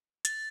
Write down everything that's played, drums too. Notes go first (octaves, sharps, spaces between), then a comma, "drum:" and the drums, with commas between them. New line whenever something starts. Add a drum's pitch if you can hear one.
A6, drum: hi-hat